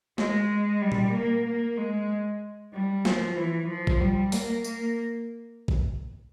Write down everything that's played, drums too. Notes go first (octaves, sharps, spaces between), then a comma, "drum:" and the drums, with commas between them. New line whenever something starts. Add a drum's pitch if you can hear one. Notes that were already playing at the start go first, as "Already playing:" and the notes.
G#3, drum: snare
G3
drum: tom A#2
A#3
A#3
G#3
G3
F3, drum: snare
E3
F3
drum: kick A1
G3
A#3, drum: open hi-hat
A#3, drum: tambourine
drum: kick A1